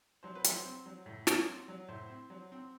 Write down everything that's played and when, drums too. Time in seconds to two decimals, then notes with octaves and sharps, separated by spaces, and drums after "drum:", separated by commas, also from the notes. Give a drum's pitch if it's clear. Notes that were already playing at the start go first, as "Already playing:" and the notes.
0.23 F#3 C5
0.35 B4
0.44 F#3 C5, drum: hi-hat
0.65 C4
0.86 F#3
1.06 A2
1.27 F#3, drum: snare
1.47 C4
1.68 F#3
1.89 A2 C5
2.10 C4
2.30 F#3
2.52 C4